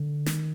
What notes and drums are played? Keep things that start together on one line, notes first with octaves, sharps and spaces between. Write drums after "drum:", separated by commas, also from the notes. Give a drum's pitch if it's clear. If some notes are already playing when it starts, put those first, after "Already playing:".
Already playing: D3
D#3, drum: snare